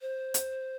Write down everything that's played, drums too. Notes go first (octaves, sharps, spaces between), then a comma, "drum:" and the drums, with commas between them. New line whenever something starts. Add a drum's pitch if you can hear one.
C5
drum: hi-hat